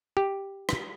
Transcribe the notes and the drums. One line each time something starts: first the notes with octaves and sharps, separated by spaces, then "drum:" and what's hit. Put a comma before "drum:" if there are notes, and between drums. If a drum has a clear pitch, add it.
G4
drum: rim click